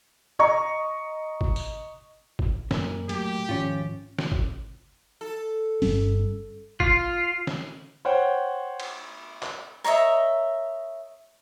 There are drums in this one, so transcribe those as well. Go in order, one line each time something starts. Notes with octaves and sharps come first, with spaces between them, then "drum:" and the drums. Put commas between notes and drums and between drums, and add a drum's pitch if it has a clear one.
D#5 A#5 C#6
drum: kick G1
drum: tambourine
drum: kick G1
F#2 A#2, drum: snare
F#3 A3 G4, drum: hi-hat
G#2 D#3 F3 C#4 F4
drum: snare
drum: kick G1
A4
G1 G3 C#4, drum: open hi-hat
F4, drum: kick G1
drum: snare
C5 C#5 F#5 G5
drum: cymbal
drum: clap
A#4 C#5 D#5 E5